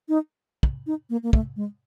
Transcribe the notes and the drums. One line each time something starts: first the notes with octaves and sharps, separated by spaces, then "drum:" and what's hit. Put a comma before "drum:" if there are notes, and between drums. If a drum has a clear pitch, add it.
D#4
drum: kick
D#4
A#3
A#3
A3, drum: kick
G#3